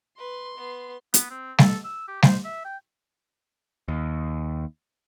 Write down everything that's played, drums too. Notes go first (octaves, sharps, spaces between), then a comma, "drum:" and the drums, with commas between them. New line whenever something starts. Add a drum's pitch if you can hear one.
B4 C6
B3
B3, drum: hi-hat
C4
A4, drum: snare G3
E6
G4
C5, drum: snare G3
E5
G5
D#2